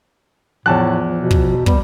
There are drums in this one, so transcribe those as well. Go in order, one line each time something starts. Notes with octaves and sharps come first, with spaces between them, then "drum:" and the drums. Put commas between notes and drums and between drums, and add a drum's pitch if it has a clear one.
E2 A2 F3 A5 F#6
B2
drum: kick
G3 B3, drum: kick